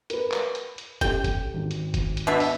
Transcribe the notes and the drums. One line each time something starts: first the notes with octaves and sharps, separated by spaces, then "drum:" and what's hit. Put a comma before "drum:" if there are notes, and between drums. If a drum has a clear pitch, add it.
A#4 B4, drum: hi-hat
drum: clap
drum: hi-hat
drum: hi-hat
C#4 G4 A4 G5, drum: kick, hi-hat
drum: kick, hi-hat
G#1
drum: hi-hat
drum: kick, hi-hat
drum: hi-hat
B2 D4 E5
drum: open hi-hat